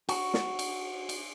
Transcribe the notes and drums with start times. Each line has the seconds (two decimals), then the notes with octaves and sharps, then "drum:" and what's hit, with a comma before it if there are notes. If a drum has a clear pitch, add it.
0.09 F#4, drum: cymbal
0.34 drum: snare
0.59 drum: cymbal
1.09 drum: cymbal